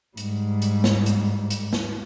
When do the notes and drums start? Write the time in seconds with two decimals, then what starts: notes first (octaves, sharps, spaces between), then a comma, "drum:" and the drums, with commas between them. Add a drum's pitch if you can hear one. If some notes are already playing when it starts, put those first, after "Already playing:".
0.17 G#2 G3, drum: hi-hat
0.62 drum: hi-hat
0.84 drum: snare
1.06 drum: hi-hat
1.50 drum: hi-hat
1.73 drum: snare